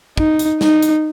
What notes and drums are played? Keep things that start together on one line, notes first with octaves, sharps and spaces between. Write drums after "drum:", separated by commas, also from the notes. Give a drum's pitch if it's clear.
D#4, drum: kick
drum: hi-hat
D#4, drum: snare
drum: hi-hat